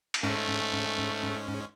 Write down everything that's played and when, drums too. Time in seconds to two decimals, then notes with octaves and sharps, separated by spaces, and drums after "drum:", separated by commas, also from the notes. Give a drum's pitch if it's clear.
0.14 drum: cymbal
0.23 G#2 G#3 A3 C#4